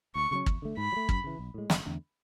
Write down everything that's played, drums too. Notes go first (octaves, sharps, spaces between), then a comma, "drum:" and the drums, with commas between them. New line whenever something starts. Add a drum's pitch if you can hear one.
D2 C#6
C#3 F#3 C#4
E2, drum: kick
D3 A3
G#2 B5
F#3
A3
F#2, drum: kick
C#3 E3
B1
A2 G#3
F#1, drum: snare
E2 D3 A3